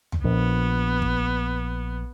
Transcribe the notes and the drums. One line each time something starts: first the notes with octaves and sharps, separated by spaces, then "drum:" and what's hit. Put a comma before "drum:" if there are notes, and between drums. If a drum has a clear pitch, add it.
drum: tom
A#1 B3
drum: kick